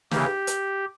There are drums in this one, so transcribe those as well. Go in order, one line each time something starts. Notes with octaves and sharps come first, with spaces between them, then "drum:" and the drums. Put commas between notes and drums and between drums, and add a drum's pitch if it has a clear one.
C#3 E3 A#3 G4, drum: snare
drum: hi-hat